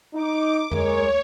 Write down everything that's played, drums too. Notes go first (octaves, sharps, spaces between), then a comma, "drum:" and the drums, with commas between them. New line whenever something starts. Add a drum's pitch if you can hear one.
D#4 D6
G#3 A#4 C#5, drum: tom F2